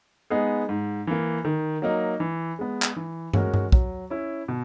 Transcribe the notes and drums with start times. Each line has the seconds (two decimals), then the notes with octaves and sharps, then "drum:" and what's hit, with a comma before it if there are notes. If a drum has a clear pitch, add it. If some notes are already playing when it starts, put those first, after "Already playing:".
0.30 G#3 B3 D#4 G#4
0.69 G#2
1.07 E3 A#3
1.45 D#3
1.82 F#3 A#3 D#4
2.20 E3
2.59 G#3 B3
2.82 drum: clap
2.96 E3
3.34 G#3 C#4 F#4 A#4, drum: tom
3.54 drum: tom G2
3.72 F#3, drum: kick
4.10 C#4 E4
4.48 B2